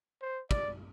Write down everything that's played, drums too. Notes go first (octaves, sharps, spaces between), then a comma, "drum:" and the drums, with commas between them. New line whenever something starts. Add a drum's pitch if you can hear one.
C5
D5, drum: kick